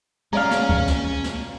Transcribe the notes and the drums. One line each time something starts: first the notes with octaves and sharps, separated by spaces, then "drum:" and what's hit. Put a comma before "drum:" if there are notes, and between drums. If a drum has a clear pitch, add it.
G#3 C#4 C#5 D5 F5 A#5 F6
drum: snare
drum: kick C2
drum: snare
drum: snare